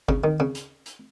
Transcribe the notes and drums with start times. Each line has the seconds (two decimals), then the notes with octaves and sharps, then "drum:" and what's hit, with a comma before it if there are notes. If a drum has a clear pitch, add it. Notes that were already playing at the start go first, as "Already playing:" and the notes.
0.09 C#3, drum: kick G1
0.24 D#3
0.40 C#3
0.55 drum: hi-hat
0.86 drum: hi-hat